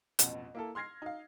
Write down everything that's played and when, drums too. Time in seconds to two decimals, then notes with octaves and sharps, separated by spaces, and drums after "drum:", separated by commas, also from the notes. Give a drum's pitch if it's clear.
0.19 A1 F2 B2, drum: hi-hat
0.55 A#3 E4 A4
0.75 C6 F6 G#6 A#6 C7
1.02 D#4 F5